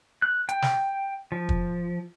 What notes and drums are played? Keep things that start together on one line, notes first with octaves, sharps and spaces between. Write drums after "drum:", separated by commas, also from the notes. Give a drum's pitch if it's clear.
F#6
G5, drum: hi-hat
drum: snare
F3
drum: kick